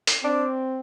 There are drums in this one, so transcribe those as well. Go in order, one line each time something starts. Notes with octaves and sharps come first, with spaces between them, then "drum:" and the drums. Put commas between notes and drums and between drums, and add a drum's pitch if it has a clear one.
drum: hi-hat
C4 D4